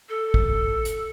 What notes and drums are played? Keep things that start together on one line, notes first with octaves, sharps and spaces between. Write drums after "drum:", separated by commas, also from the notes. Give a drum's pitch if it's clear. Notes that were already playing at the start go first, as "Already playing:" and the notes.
A4
drum: kick
drum: hi-hat